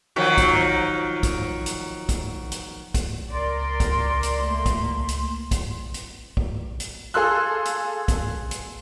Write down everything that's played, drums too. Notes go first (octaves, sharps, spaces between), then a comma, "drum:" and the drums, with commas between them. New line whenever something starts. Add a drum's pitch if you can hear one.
D#3 F3 F#3
drum: kick, hi-hat
drum: kick, hi-hat
drum: hi-hat
drum: kick, hi-hat
drum: hi-hat
drum: kick, hi-hat
C#2 A#4 D5 C6
drum: kick, hi-hat
drum: hi-hat
A3 A#3
drum: kick, hi-hat
drum: hi-hat
drum: kick, hi-hat
drum: hi-hat
drum: kick
drum: hi-hat
G#4 A4 F5 C6 E6 F#6
drum: hi-hat
drum: kick, hi-hat
drum: hi-hat